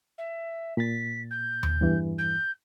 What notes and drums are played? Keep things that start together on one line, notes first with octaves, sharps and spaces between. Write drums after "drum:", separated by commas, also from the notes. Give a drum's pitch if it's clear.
E5
A#2 A6 B6
G6
drum: tom D#2
E2 G2 E3
G6